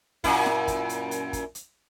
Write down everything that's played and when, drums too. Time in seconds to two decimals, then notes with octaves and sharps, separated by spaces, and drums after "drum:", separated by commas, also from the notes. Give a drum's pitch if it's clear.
0.24 F#2 A#2 E4, drum: kick, open hi-hat
0.46 drum: snare
0.68 drum: kick, hi-hat
0.89 drum: hi-hat
1.11 drum: hi-hat
1.33 drum: kick, hi-hat
1.55 drum: hi-hat